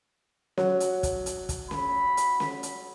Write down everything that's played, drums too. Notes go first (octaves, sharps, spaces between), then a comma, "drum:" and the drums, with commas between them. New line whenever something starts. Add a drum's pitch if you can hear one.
F#3, drum: snare C#4
drum: hi-hat
drum: kick, hi-hat
drum: hi-hat
drum: kick, hi-hat
B5, drum: snare C#4
drum: hi-hat
drum: snare C#4
drum: hi-hat